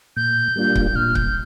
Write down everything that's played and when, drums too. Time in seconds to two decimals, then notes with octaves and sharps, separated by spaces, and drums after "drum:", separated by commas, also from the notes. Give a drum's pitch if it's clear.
0.17 A#2 G6
0.56 G3 A#3 D4 F4
0.75 drum: kick C#1
0.95 A#2 F6
1.15 G6, drum: kick C#1